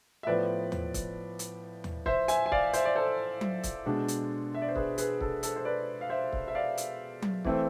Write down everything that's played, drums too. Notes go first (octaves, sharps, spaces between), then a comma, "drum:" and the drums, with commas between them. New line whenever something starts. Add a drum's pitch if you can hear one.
E5
A2 F3 B3 B4 D5
drum: tom D#2
drum: kick, hi-hat
drum: hi-hat
drum: tom D#2
C5 E5, drum: kick
E5 G#5, drum: hi-hat
G#5
D5 F5, drum: kick
C5 E5, drum: hi-hat
D5
A4 C5
drum: tom F#3
drum: kick, hi-hat
B2 G#3 D4
drum: hi-hat
E5
D5
C5
G#4 B4, drum: kick
G#4 B4, drum: hi-hat
A4, drum: kick
A4 C5, drum: hi-hat
C5
B4 D5
F5
C5 E5
drum: kick
E5
D5 F5
drum: hi-hat
drum: tom F#3
E3 A3 C4, drum: kick